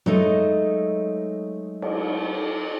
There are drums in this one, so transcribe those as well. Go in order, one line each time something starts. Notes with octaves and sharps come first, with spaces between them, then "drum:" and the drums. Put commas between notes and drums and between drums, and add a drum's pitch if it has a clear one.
F#3 G#3 A3 D#4 D#5, drum: tom
drum: cymbal